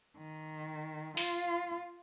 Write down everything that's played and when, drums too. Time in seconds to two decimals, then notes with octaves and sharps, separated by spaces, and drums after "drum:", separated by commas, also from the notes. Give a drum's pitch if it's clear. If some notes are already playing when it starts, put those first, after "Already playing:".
0.17 D#3
1.17 F4, drum: open hi-hat